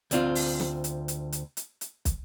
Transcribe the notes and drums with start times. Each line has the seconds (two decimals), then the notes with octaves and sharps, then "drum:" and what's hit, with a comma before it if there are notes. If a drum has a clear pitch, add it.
0.11 D2 C4 F4, drum: hi-hat
0.35 drum: open hi-hat
0.60 drum: snare
0.84 drum: hi-hat
1.08 drum: hi-hat
1.32 drum: hi-hat
1.57 drum: hi-hat
1.81 drum: hi-hat
2.05 drum: kick, hi-hat